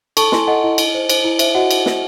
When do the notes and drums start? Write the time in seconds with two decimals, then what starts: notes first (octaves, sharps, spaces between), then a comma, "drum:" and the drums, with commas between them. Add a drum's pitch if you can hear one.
0.17 A4 A5 C#6, drum: cymbal
0.27 C#6
0.32 E4 G#5 C6, drum: snare
0.47 A4 D#5 F#5
0.64 E4 D#5
0.78 E4, drum: cymbal
0.94 C5
1.09 C5, drum: cymbal
1.24 E4
1.39 C5 E5, drum: cymbal
1.55 F#4 D#5 F#5
1.71 drum: cymbal
1.86 drum: snare